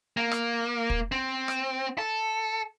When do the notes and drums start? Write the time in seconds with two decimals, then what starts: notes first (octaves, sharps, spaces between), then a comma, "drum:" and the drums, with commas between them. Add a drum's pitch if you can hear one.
0.17 A#3
0.31 drum: rim click
0.90 drum: kick
1.12 C4
1.48 drum: rim click
1.98 A4